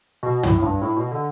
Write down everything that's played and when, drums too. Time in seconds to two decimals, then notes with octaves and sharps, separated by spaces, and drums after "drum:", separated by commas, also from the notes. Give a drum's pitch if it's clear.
0.23 B2
0.43 A2, drum: tom
0.56 A2
0.62 G2
0.82 A2
0.96 B2
1.11 D3